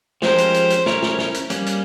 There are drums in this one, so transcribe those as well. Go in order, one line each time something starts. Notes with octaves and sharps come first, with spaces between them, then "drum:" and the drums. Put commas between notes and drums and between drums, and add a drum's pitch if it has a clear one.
F3 G#3 C#4 G4 A#4 C5, drum: snare
drum: hi-hat
drum: hi-hat
drum: hi-hat
C#4 E4 A#4 C#5, drum: snare
drum: snare
drum: snare
drum: hi-hat
G3 A#3 C#4, drum: hi-hat
drum: hi-hat